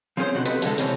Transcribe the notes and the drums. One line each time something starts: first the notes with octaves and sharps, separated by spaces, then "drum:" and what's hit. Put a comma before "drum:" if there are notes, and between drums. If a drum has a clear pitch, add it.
F3 C4 C#4 G#4 C5
B2 D3 F#4
G4 A4 B4 D#5, drum: hi-hat
F2 D3 G#3 A4, drum: hi-hat
C3 E3 C4 C#4, drum: hi-hat